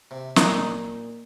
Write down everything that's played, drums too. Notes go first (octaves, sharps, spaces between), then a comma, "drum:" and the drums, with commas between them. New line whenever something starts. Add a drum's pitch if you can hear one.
C3
A#2 D#4, drum: snare